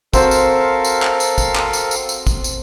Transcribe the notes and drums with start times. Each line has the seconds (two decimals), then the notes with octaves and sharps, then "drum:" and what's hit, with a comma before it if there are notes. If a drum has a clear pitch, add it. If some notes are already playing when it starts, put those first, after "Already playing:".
0.14 C4 F#4 A4 A#4 C5 F5, drum: kick, tambourine
0.31 drum: tambourine
0.85 drum: tambourine
1.02 drum: clap
1.20 drum: tambourine
1.38 drum: kick, tambourine
1.56 drum: clap
1.73 drum: tambourine
1.91 drum: tambourine
2.09 drum: tambourine
2.27 drum: kick, tambourine
2.44 drum: tambourine